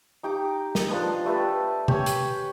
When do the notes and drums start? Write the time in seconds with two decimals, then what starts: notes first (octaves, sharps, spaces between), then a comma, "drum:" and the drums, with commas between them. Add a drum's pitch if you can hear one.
0.23 D#4 G4 A#5 D6
0.75 drum: snare
0.88 F3 D4 B4 D#5
1.25 G3 A3 B4 A5
1.88 G4 C#5 G#5, drum: tom C3
2.06 drum: hi-hat